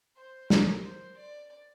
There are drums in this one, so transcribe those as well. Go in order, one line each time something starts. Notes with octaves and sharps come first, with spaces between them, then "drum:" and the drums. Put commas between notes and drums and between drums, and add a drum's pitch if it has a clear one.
C5
A#4, drum: snare
C5
D5